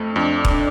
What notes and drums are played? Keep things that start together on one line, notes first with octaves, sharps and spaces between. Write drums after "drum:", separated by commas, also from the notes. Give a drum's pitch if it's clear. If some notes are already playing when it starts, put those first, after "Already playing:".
Already playing: F2 A3
F2 D4
drum: kick E1